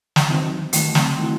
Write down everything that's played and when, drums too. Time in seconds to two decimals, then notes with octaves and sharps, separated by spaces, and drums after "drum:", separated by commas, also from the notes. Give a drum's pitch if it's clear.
0.16 drum: snare
0.29 D#2 D#3 F#3 C4 D#4
0.73 D#2 D#3 F#3 A3, drum: hi-hat
0.95 C4, drum: snare
1.17 D#3 F#3 E4